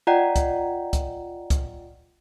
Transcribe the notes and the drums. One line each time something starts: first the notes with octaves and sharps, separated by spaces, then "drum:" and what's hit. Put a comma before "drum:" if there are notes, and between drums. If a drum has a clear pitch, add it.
F4 D5 D#5 F#5 G5 A#5
drum: kick C#2, hi-hat
drum: kick C#2, hi-hat
drum: kick C#2, hi-hat